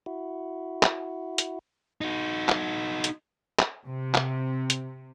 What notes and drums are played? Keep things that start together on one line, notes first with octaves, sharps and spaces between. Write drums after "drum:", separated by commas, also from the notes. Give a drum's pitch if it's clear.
E4 F#4
drum: clap
drum: hi-hat
D#4 F#4
drum: clap
drum: hi-hat
drum: clap
C3
drum: clap
drum: hi-hat